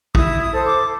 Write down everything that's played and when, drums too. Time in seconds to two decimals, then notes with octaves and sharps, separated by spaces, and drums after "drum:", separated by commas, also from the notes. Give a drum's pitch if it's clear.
0.15 E4 D#6, drum: kick
0.40 D#6
0.52 A4 C5
0.64 D6